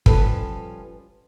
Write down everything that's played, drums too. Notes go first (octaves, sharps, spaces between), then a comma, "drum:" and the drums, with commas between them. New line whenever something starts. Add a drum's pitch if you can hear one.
F3 G3 C#4 A4 B4, drum: kick